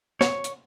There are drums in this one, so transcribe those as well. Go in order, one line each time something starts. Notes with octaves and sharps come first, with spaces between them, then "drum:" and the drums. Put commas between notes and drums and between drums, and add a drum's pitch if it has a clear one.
C#5, drum: snare
drum: hi-hat